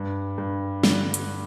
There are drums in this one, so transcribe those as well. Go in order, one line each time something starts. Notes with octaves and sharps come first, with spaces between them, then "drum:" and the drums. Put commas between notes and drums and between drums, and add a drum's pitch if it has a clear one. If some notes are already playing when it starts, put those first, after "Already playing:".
Already playing: G2
G2
D3, drum: snare
drum: hi-hat